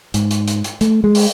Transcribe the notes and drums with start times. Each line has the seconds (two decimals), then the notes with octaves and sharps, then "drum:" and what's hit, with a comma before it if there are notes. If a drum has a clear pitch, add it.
0.14 G#2, drum: hi-hat
0.31 drum: hi-hat
0.48 drum: hi-hat
0.64 drum: hi-hat
0.81 A3, drum: hi-hat
1.04 G#3
1.15 drum: open hi-hat